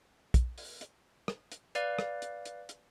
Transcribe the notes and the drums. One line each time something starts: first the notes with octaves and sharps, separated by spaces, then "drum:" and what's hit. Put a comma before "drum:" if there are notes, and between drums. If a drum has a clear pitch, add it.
drum: kick, hi-hat
drum: open hi-hat
drum: hi-hat
drum: rim click
drum: hi-hat
B4 D5 F5, drum: hi-hat
drum: rim click
drum: hi-hat
drum: hi-hat
drum: hi-hat